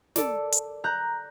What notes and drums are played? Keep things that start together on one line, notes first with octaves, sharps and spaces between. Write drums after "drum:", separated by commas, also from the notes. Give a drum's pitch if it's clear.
A4 D5, drum: snare
drum: hi-hat
A#5 F#6 G6